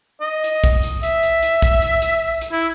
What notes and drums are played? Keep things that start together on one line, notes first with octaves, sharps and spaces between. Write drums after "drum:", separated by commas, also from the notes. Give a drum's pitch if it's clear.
D#5
drum: hi-hat
drum: kick, hi-hat
drum: hi-hat
E5, drum: hi-hat
drum: hi-hat
drum: hi-hat
drum: kick, hi-hat
drum: hi-hat
drum: hi-hat
drum: hi-hat
E4